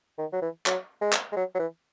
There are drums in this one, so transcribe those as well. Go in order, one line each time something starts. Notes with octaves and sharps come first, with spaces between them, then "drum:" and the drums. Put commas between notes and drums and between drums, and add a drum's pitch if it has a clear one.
D#3
F#3
E3
F#3, drum: clap
G#3
drum: clap
G#3
F#3
F#3
E3